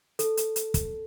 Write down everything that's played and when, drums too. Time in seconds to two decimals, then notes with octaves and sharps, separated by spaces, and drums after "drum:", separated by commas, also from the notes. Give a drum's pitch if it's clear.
0.19 A4, drum: hi-hat
0.37 drum: hi-hat
0.56 drum: hi-hat
0.74 drum: kick, hi-hat